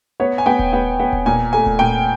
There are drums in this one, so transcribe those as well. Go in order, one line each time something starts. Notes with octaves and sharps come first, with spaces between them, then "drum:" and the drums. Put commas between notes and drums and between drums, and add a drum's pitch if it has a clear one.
B3 C#5
G#5
B3 G5
drum: kick D#1
B3
B3
drum: kick D#1
A#2 G#5
A3 G#5
drum: kick D#1
A#2 G5